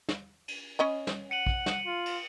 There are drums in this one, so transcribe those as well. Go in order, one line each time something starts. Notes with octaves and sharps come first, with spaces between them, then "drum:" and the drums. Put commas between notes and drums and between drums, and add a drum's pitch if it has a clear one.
drum: snare
drum: cymbal
C#4 D#5 B5
drum: snare
F#5 C#7 D#7 F#7
drum: kick A#1
drum: snare
F4
drum: cymbal